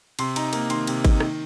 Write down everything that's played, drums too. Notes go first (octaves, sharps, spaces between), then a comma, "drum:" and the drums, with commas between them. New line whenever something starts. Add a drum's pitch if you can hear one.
C3 C6, drum: cymbal
D#4 A#5, drum: cymbal
A#3, drum: cymbal
D#3 C6, drum: cymbal
C3, drum: cymbal
D#4, drum: kick G#1, cymbal
D#3, drum: rim click